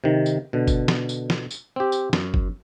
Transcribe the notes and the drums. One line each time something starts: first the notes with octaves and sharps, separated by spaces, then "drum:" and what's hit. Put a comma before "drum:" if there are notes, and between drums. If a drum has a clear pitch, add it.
C3 D#3
drum: tambourine
B2 D3
drum: kick, tambourine
drum: snare
drum: tambourine
drum: snare
drum: tambourine
C4 G4
drum: tambourine
F#2, drum: snare
drum: kick